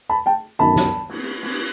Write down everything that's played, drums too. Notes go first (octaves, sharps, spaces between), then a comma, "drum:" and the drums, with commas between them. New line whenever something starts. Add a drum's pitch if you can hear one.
A5 B5
G5 A5
G1 F#2 D#3 A5 B5
drum: snare
drum: cymbal
drum: cymbal